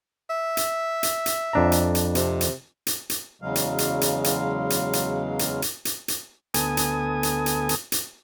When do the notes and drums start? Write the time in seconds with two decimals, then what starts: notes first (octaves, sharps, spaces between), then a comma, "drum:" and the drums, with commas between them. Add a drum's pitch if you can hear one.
0.30 E5
0.57 drum: hi-hat
1.03 drum: hi-hat
1.26 drum: hi-hat
1.53 F2 D4 A#5
1.72 drum: hi-hat
1.95 drum: hi-hat
2.15 C3, drum: hi-hat
2.41 drum: hi-hat
2.87 drum: hi-hat
3.10 drum: hi-hat
3.42 E2 C#3 F#3 G#3 F5
3.55 drum: hi-hat
3.78 drum: hi-hat
4.01 drum: hi-hat
4.24 drum: hi-hat
4.70 drum: hi-hat
4.93 drum: hi-hat
5.39 drum: hi-hat
5.62 drum: hi-hat
5.85 drum: hi-hat
6.08 drum: hi-hat
6.54 D2 B3 A4 G#5 D#6, drum: hi-hat
6.77 drum: hi-hat
7.23 drum: hi-hat
7.46 drum: hi-hat
7.69 drum: hi-hat
7.92 drum: hi-hat